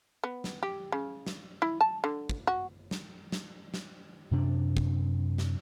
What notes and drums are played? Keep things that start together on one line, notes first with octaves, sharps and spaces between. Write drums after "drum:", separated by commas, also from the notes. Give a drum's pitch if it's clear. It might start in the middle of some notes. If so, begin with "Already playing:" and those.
B3
drum: snare
G4
C#3
drum: snare
E4
A5
D3
drum: kick
F#4
drum: snare
drum: snare
drum: snare
F#2 C3 D4
drum: kick
drum: snare